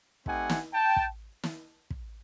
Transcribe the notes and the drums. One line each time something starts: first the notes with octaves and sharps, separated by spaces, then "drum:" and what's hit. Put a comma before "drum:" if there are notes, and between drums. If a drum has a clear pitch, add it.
A3 C4 D#4 G4 F#5 G#5, drum: kick
drum: snare
G5 A5
drum: kick
drum: snare
drum: kick